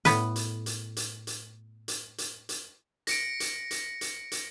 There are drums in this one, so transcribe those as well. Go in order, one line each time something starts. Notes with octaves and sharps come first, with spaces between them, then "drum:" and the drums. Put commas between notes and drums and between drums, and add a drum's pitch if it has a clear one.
A2 B3 B4, drum: hi-hat
drum: hi-hat
drum: hi-hat
drum: hi-hat
drum: hi-hat
drum: hi-hat
drum: hi-hat
drum: hi-hat
A#6 C#7 D7, drum: hi-hat
drum: hi-hat
drum: hi-hat
drum: hi-hat
drum: hi-hat